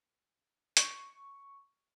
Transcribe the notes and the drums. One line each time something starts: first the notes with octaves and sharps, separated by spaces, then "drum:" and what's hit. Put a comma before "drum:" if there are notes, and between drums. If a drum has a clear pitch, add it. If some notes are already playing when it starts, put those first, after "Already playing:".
C#6, drum: hi-hat